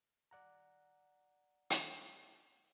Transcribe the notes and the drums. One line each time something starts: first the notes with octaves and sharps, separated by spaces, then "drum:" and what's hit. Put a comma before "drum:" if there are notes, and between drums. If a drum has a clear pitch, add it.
D5 F#5 A#5
drum: hi-hat